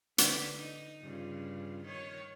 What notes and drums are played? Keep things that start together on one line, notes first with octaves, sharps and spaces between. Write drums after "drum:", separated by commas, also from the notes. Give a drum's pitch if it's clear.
D3 B4, drum: hi-hat
D#4
G2 C#3 F4
D#3 D#4 C#5